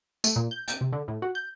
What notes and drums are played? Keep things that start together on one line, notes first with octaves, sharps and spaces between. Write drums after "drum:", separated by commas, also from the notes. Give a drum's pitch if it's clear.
A3, drum: tambourine
A#2
G6
G5, drum: hi-hat
C3
D3
A2
F#4
G6